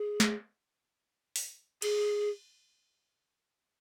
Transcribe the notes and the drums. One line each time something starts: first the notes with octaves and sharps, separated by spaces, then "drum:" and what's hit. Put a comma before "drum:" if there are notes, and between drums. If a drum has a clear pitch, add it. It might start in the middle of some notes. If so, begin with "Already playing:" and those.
Already playing: G#4
drum: snare
drum: open hi-hat
G#4, drum: cymbal